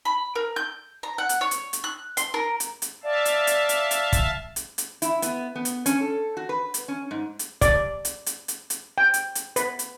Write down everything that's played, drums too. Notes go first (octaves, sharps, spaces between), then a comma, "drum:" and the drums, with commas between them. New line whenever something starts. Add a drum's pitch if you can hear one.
B5
A#4
G6
A#5
F#5
drum: hi-hat
C#5
drum: hi-hat
drum: hi-hat
F#6
C6, drum: hi-hat
A#4
drum: hi-hat
drum: hi-hat
D5 E5 F5 A5
drum: hi-hat
drum: hi-hat
drum: hi-hat
drum: hi-hat
drum: kick, hi-hat
drum: hi-hat
drum: hi-hat
E4, drum: hi-hat
B3, drum: hi-hat
B3
drum: hi-hat
C#4, drum: hi-hat
A4
F#4
B4
drum: hi-hat
C#4
G#2
drum: hi-hat
D5, drum: kick, hi-hat
drum: hi-hat
drum: hi-hat
drum: hi-hat
drum: hi-hat
G5
drum: hi-hat
drum: hi-hat
B4, drum: hi-hat
drum: hi-hat